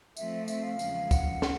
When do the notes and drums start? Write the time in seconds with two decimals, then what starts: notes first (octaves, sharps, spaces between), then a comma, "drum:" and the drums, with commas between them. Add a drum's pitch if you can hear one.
0.17 F3 A3 C4 E5, drum: tambourine
0.48 E5, drum: tambourine
0.63 F5
0.79 E2 C#3 F3 G#3, drum: tambourine
1.11 F#5, drum: kick C#2, tambourine
1.42 drum: snare